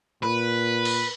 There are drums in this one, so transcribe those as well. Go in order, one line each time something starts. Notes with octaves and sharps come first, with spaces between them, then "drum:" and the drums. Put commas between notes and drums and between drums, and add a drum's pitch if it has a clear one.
A#2 B4
drum: cymbal